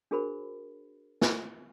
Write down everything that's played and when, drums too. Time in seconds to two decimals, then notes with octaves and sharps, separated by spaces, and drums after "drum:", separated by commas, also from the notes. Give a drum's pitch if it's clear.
0.11 D4 F#4 G#4 A#4 C5 B5
1.21 drum: snare